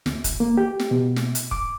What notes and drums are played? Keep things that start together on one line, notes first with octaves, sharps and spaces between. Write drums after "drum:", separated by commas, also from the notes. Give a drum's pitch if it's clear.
D2, drum: snare
drum: kick, hi-hat
A#3
G4
drum: snare
B2
drum: snare
drum: hi-hat
D6, drum: kick